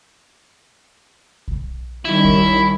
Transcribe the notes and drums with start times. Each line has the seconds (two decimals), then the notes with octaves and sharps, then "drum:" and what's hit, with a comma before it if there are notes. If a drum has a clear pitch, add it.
1.48 drum: kick
2.05 D#3 G3 C#4 E4
2.24 drum: kick